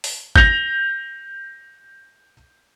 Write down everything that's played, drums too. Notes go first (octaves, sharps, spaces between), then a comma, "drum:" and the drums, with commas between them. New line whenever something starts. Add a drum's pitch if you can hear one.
drum: open hi-hat
G6 A#6 F7, drum: kick G#1